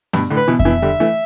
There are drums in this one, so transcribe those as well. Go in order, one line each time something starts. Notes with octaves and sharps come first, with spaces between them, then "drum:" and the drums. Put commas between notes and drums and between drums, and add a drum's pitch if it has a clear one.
G2 B2, drum: snare A3
A2 D3
B4
B2 E3
E5, drum: kick F2
B2 E3
D3 G3
E3 A3